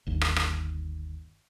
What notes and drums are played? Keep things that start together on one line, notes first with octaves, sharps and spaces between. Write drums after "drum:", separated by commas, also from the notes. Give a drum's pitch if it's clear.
G1 D#2
drum: rim click
drum: rim click